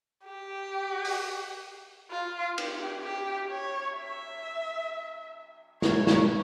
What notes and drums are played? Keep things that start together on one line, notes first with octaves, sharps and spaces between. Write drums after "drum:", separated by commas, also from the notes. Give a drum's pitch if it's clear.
G4
drum: open hi-hat
F4
G4, drum: cymbal
G4
C#5
E5
C#5, drum: snare
drum: snare